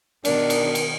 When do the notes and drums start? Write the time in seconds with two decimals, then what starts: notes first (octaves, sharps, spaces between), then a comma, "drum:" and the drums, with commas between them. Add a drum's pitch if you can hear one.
0.25 B2 D#3 D4 A#4, drum: cymbal
0.50 drum: cymbal
0.75 drum: cymbal